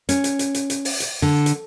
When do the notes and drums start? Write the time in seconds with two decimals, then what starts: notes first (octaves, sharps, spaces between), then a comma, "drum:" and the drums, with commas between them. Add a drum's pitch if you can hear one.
0.09 C#4, drum: hi-hat
0.24 drum: hi-hat
0.39 drum: hi-hat
0.54 drum: hi-hat
0.70 drum: hi-hat
0.85 drum: open hi-hat
1.00 drum: hi-hat
1.22 D3
1.46 drum: hi-hat